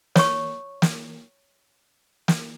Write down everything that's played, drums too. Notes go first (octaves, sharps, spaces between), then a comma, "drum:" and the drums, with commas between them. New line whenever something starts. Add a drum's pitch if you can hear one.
C#5 C#6, drum: snare
drum: snare
drum: snare